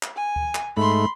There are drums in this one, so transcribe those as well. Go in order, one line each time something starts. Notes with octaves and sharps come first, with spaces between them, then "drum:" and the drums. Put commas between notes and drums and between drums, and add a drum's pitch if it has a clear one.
drum: clap
G#5
drum: kick D2
drum: clap
G#2 A3 B5 C6